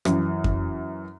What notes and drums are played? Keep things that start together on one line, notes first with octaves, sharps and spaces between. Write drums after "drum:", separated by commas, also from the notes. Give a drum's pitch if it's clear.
F#2 E3, drum: rim click
drum: kick F2